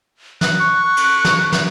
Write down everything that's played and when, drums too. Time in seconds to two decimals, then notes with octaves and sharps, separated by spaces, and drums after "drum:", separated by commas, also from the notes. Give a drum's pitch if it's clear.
0.41 F#6, drum: snare
0.60 C#6
0.97 drum: cymbal
1.25 drum: snare
1.52 drum: snare